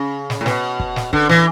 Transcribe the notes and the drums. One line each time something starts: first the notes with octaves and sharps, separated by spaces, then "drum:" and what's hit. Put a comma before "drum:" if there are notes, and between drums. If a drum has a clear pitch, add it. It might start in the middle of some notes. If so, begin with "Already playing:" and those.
Already playing: C#3
drum: snare
A2
B2, drum: snare
drum: kick
drum: snare
D3, drum: kick
E3, drum: snare